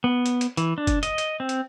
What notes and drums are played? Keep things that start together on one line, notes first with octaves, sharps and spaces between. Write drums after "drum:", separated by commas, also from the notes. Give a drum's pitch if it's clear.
B3
drum: hi-hat
drum: hi-hat
E3, drum: hi-hat
D4
drum: kick, hi-hat
D#5, drum: hi-hat
drum: hi-hat
C4
drum: hi-hat